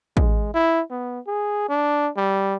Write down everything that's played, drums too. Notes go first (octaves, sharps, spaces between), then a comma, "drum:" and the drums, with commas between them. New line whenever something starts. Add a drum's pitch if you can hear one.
G#3, drum: kick
E4
B3
G#4
D4
G3